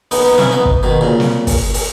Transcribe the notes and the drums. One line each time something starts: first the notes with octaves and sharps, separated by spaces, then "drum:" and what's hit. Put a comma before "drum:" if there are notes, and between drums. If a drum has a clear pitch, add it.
B3 D#4, drum: open hi-hat
B3 D#4
C#4 E4, drum: snare
B3 D#4
drum: kick
B2 D#3
A#2 C#3
drum: snare
drum: kick, open hi-hat
drum: open hi-hat